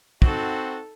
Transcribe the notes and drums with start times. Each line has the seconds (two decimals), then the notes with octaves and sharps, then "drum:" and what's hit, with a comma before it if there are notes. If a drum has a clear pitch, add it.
0.22 C4 D#4 F#4 A4, drum: kick